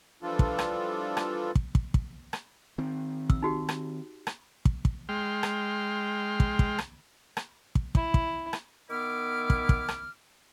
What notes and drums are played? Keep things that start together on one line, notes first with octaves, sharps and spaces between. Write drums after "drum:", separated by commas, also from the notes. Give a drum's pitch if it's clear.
E3 F3 G3 D4 F4 A4
drum: kick
drum: rim click
drum: rim click
drum: kick
drum: kick
drum: kick
drum: rim click
D#3 C4
E6, drum: kick
D#4 F#4 G4
drum: rim click
drum: rim click
drum: kick
drum: kick
G#3 G5 C6 F6
drum: rim click
drum: kick
drum: kick
drum: rim click
drum: rim click
drum: kick
E4, drum: kick
drum: kick
drum: rim click
D#3 B3 E4 D6 F6
drum: kick
drum: kick
drum: rim click